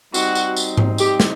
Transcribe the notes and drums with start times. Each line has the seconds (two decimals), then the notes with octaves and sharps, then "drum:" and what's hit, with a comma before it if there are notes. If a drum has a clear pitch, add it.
0.14 G3 C4 D#4 F#4, drum: tambourine
0.35 drum: tambourine
0.56 drum: tambourine
0.77 drum: tom G#2
0.98 G4, drum: tambourine
1.20 drum: snare